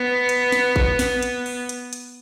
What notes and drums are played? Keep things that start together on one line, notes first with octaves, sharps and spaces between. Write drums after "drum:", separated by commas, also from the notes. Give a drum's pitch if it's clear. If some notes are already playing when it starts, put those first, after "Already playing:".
Already playing: B3
drum: hi-hat
drum: snare
drum: kick G#1
drum: snare
drum: hi-hat
drum: open hi-hat
drum: hi-hat
drum: hi-hat